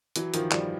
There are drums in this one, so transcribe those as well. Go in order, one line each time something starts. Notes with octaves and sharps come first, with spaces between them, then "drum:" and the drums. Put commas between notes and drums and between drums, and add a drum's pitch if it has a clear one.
E3 F#3, drum: hi-hat
D#3 F3, drum: hi-hat
F3 G3, drum: clap